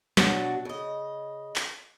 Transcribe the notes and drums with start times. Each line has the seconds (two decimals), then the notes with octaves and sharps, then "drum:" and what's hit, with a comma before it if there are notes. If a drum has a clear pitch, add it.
0.17 B2 F#3 D4 F#4 F#5 A5, drum: snare
0.65 C#3 D#5
1.56 drum: clap